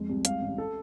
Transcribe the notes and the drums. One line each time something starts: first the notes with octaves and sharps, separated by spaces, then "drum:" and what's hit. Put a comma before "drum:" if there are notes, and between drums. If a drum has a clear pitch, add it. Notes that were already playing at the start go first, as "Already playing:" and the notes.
Already playing: F2 G#3
C2
G#3 F5, drum: hi-hat
A1
A4